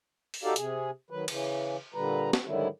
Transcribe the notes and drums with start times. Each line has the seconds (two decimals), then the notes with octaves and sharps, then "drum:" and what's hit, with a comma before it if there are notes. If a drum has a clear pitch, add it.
0.34 drum: open hi-hat
0.44 D#4 F#4 G4 A4 D5 F5
0.56 C3 G#4, drum: hi-hat
1.10 D#3 F#3 B4
1.28 C#3 E3, drum: cymbal
1.94 A#2 D3 G3 B4 A#5
2.33 drum: snare
2.46 G#2 D3 D#3 F#3 G3 E4